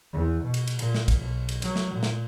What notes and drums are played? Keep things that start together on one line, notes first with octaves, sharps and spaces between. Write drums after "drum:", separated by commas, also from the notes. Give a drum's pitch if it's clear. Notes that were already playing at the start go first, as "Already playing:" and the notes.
E2
B2
drum: cymbal
drum: cymbal
A#2, drum: cymbal
drum: snare
drum: kick, cymbal
B1
drum: cymbal
F#3, drum: cymbal
drum: snare
A#2
drum: snare